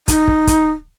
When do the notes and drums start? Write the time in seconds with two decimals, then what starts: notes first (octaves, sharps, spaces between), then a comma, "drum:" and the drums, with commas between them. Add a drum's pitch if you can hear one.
0.08 D#4, drum: kick, hi-hat
0.28 drum: kick
0.47 drum: kick, hi-hat